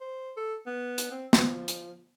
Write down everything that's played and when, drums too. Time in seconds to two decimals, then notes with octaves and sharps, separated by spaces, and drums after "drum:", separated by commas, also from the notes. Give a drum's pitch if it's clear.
0.01 C5
0.37 A4
0.67 B3
0.98 drum: hi-hat
1.11 C4
1.33 F3, drum: snare
1.68 drum: hi-hat